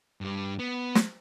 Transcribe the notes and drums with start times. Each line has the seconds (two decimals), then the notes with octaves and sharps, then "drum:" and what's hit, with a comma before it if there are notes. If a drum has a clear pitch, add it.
0.21 G2 G3
0.59 B3
0.95 drum: snare